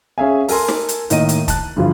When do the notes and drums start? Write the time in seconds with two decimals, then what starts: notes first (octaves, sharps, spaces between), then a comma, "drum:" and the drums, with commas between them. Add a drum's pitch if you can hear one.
0.18 C#4 G#4 E5 F5 G#5
0.48 A4 A#4 G#5 A#5 C6, drum: open hi-hat
0.68 drum: snare
0.89 drum: hi-hat
1.10 A2 D#3 A#3 D#5 D#7, drum: hi-hat
1.29 drum: hi-hat
1.48 A5 F#6, drum: kick, hi-hat
1.76 G2 D3 E3 F3 F4